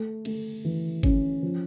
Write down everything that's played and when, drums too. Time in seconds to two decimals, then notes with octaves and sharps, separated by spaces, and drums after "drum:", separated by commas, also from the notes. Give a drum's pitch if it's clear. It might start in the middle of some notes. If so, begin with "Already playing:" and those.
Already playing: A3
0.25 A3, drum: cymbal
0.64 E3
1.03 C#4, drum: kick G1
1.42 F3